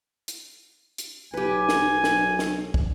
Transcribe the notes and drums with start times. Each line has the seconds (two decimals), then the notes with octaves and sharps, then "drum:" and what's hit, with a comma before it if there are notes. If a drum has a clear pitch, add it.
0.28 drum: hi-hat
0.98 drum: hi-hat
1.34 B1 G4 B4 G#5
1.69 drum: snare
2.04 drum: snare
2.39 drum: snare
2.74 drum: kick